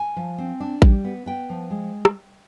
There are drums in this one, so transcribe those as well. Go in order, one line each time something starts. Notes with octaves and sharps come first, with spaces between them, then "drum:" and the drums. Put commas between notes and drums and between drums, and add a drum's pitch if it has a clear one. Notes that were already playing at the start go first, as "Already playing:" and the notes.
Already playing: G#5
F3
C4
D4
G3, drum: kick A1
B3
B3 G5
F3
G#3
drum: rim click